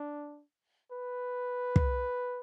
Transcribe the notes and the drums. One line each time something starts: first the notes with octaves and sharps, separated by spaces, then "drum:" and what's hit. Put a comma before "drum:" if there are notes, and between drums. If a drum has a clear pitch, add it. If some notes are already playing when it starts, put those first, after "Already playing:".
Already playing: D4
B4
drum: kick